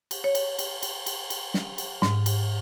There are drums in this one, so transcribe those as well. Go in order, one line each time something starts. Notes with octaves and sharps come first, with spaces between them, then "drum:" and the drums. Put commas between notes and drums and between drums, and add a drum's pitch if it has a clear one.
drum: cymbal
C#5
drum: cymbal
drum: cymbal
drum: cymbal
drum: cymbal
drum: cymbal
drum: snare
drum: cymbal
G#2, drum: snare
drum: cymbal